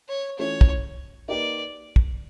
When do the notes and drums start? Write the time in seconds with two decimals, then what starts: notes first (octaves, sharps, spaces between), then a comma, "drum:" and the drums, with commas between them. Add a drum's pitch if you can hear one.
0.08 C#5
0.38 E3 A3 C#4 F4 C#5
0.61 drum: kick
1.28 A#3 D#4 G4 B4 D5
1.96 drum: kick